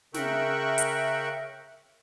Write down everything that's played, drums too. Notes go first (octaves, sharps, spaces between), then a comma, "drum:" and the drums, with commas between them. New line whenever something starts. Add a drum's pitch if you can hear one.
C#3 A#4 E5 G5 C#6 F#6, drum: snare
drum: hi-hat